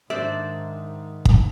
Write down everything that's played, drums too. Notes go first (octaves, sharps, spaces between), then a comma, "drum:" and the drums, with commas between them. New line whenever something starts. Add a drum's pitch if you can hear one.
G#2 D#3 D4 C5 D5 E5
drum: kick